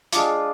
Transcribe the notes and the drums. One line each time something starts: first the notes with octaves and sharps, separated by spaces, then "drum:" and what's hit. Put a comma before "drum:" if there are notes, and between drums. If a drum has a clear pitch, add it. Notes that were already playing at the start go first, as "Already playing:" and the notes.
G#3 D4 F4 D6, drum: hi-hat